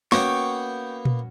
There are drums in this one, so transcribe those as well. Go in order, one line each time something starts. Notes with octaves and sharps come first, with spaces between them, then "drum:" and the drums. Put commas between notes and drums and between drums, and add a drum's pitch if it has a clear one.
A#3 B3 C#4 F#4 G5 C#6, drum: snare
drum: tom A#2